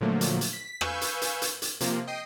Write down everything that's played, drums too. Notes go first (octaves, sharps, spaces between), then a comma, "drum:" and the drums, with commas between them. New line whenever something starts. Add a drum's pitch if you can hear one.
A#2 D3 F3 F#3 A3 A#3
drum: hi-hat
drum: hi-hat
B6
B4 F5 G#5 C#6 E6 G6, drum: rim click
drum: hi-hat
drum: hi-hat
drum: hi-hat
drum: hi-hat
C3 F3 A#3, drum: hi-hat
D#5 G5 D#6 C7